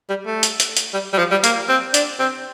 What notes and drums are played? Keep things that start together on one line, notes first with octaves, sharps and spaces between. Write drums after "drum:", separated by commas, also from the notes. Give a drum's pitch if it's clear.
G3
A3
drum: hi-hat
drum: hi-hat
drum: hi-hat
G3
G3
F3
G3
A#3, drum: hi-hat
C4
D4, drum: hi-hat
C4